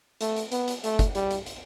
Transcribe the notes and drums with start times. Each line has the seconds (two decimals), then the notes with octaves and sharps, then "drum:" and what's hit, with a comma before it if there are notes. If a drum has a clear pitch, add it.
0.21 A3, drum: hi-hat
0.36 drum: hi-hat
0.52 B3, drum: hi-hat
0.68 drum: hi-hat
0.84 A3, drum: hi-hat
0.99 drum: kick, hi-hat
1.15 G3, drum: hi-hat
1.31 drum: hi-hat
1.46 drum: hi-hat